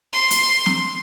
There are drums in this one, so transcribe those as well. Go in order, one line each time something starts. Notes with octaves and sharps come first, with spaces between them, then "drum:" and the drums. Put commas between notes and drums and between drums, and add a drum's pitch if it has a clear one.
C6
drum: hi-hat
drum: snare